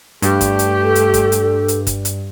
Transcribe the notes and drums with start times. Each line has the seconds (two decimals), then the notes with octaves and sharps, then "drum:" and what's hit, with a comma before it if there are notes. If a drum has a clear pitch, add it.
0.22 G2 A3 G4, drum: hi-hat
0.41 drum: kick G1, hi-hat
0.59 drum: hi-hat
0.84 A4
0.95 drum: hi-hat
1.14 drum: kick G1, hi-hat
1.32 drum: hi-hat
1.68 drum: hi-hat
1.87 drum: kick G1, hi-hat
2.05 drum: hi-hat